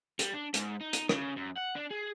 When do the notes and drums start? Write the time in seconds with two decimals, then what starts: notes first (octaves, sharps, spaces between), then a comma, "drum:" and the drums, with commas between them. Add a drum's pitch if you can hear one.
0.19 G3, drum: hi-hat
0.33 D4
0.54 G#2, drum: hi-hat
0.81 D#4
0.93 drum: hi-hat
1.09 C#3, drum: rim click
1.36 F#2
1.56 F#5
1.75 D4
1.90 G#4